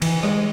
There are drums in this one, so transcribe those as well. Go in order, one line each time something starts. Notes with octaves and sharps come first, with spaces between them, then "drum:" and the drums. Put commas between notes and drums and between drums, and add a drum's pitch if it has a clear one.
E3, drum: cymbal
G#3, drum: rim click